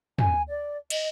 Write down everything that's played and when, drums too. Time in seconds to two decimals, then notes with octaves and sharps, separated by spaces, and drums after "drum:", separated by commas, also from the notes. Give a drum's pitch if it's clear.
0.18 G#5, drum: tom
0.49 D5
0.90 D#5, drum: cymbal